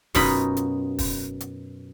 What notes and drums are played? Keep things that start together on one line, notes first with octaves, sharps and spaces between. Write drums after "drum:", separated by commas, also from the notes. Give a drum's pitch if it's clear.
F#2 B2 D#4 F4 B5, drum: kick, open hi-hat
drum: hi-hat
drum: kick, open hi-hat
drum: hi-hat